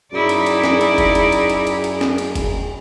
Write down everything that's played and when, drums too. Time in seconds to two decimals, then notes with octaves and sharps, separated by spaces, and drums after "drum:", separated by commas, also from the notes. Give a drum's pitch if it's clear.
0.12 F#2 D#4 E4 G#4 D5
0.29 drum: cymbal
0.46 drum: cymbal
0.64 drum: snare
0.81 drum: cymbal
0.98 drum: kick F1, cymbal
1.15 drum: cymbal
1.32 drum: cymbal
1.50 drum: cymbal
1.67 drum: cymbal
1.84 drum: cymbal
2.01 drum: snare
2.18 drum: cymbal
2.35 drum: kick F1, cymbal